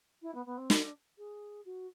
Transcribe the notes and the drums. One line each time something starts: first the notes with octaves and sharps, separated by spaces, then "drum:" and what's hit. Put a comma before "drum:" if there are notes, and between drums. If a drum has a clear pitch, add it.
E4
B3
B3
C4
D4, drum: snare
G#4
F#4